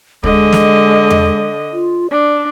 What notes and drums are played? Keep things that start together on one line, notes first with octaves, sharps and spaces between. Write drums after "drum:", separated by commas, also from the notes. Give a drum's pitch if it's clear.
D3 G#3 D#5, drum: kick
drum: snare
drum: tom E2
F4
D4 D5